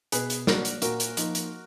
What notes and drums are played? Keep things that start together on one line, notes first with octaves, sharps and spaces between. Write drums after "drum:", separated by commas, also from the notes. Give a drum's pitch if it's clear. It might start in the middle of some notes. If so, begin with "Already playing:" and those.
B2 G#4 B4, drum: hi-hat
drum: hi-hat
F#3 A#3 D4 F#4 A#4, drum: snare
drum: hi-hat
A#2 F#4 A#4, drum: hi-hat
drum: hi-hat
F3 A#3 D#4, drum: hi-hat
drum: hi-hat